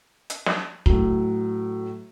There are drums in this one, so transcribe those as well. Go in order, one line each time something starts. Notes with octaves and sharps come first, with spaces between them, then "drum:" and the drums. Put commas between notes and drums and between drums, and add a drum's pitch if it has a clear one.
drum: hi-hat
drum: snare
A2 F#3, drum: kick